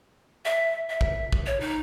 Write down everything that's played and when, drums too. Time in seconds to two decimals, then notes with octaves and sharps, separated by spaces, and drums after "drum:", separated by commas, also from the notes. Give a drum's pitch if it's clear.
0.45 E5
0.90 E5
1.01 drum: kick
1.32 drum: kick
1.46 C#5
1.60 D#4